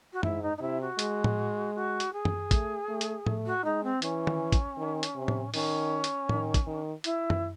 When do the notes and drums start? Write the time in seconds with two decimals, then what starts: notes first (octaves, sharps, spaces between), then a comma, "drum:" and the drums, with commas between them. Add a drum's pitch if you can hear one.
0.13 F#4
0.23 G#2 E4, drum: tom F#2
0.42 D#4
0.57 D#4
0.61 C3 E4
0.81 F#4
0.99 G#3, drum: hi-hat
1.24 drum: tom A2
1.75 F#4
2.00 drum: hi-hat
2.13 G#4
2.25 drum: tom F#2
2.51 A3, drum: kick, hi-hat
2.88 A3
3.01 drum: hi-hat
3.27 A3, drum: tom A2
3.46 F#4
3.64 G#3 D#4
3.83 C4
4.02 E3 C#4, drum: hi-hat
4.27 drum: tom
4.52 drum: kick, hi-hat
4.78 D#3
5.03 drum: hi-hat
5.16 C3
5.28 drum: tom A2
5.54 D#3 C#4, drum: open hi-hat
6.04 drum: hi-hat
6.29 D#3, drum: tom A2
6.54 drum: kick, hi-hat
6.67 D#3
7.04 E4, drum: hi-hat
7.30 drum: tom F#2